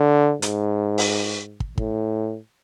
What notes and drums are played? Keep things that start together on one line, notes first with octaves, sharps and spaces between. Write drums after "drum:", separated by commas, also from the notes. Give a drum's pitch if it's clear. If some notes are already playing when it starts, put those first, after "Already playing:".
Already playing: D3
G#2, drum: hi-hat
drum: open hi-hat
drum: kick
A2, drum: kick